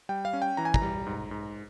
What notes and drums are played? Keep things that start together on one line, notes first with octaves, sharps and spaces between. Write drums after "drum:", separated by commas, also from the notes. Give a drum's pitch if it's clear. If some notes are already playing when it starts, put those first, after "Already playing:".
G3 G5
F5
C#4
G5
E3 A#5
G#5
A#5, drum: kick
G3
G#2
G#2